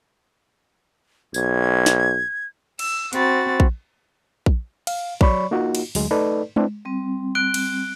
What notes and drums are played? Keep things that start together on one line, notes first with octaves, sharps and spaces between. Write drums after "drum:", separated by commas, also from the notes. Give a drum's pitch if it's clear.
B1 G#6, drum: tambourine
drum: snare
E6, drum: cymbal
C4 F#4 B5 A6, drum: hi-hat
drum: kick A#1
drum: kick A#1
F5, drum: cymbal
F#3 C#5 D5 B5 C#6, drum: kick A#1
A#3 D#4 F4 F#4
drum: cymbal
D2 F#3 G#3, drum: open hi-hat
A3 D#4 A4 B4 D5
C4 D4 E4 B4, drum: tom G#3
G3 C4
F#6 D7 G7
drum: cymbal